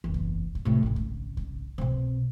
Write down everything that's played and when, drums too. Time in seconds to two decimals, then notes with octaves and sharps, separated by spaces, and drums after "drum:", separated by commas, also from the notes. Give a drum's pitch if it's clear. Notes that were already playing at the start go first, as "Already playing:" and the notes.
0.04 F#1 E2
0.14 drum: kick C2
0.55 drum: kick C2
0.65 A2 C3
0.83 G#1 C#3
0.96 drum: kick C2
1.37 drum: kick C2
1.78 B2 C4, drum: kick C2